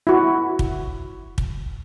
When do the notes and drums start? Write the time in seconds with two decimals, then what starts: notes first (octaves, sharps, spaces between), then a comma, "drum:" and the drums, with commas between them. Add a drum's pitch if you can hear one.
0.07 E4 F#4
0.59 drum: kick
1.38 drum: kick